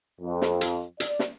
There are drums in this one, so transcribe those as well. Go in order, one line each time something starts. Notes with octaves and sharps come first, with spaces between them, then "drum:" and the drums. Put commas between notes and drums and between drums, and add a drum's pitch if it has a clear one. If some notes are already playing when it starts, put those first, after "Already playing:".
F2
drum: snare
drum: hi-hat
D5, drum: hi-hat
drum: snare